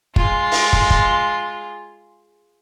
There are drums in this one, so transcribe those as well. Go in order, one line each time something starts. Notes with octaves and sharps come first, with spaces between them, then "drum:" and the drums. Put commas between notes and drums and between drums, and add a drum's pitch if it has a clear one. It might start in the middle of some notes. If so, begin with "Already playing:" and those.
G#3 F4, drum: kick
drum: open hi-hat
drum: kick
drum: kick